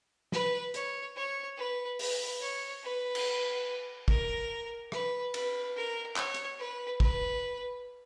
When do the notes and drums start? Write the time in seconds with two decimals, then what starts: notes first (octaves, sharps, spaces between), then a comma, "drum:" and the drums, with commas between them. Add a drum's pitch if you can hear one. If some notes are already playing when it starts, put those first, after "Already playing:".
0.32 B4, drum: snare
0.74 C#5, drum: hi-hat
1.15 C#5
1.57 B4
1.99 B4, drum: open hi-hat
2.41 C#5
2.83 B4
3.15 drum: cymbal
4.08 A#4, drum: kick
4.92 B4, drum: rim click
5.34 B4, drum: cymbal
5.76 A#4
6.16 C#5, drum: clap
6.34 drum: hi-hat
6.59 B4
7.00 B4, drum: kick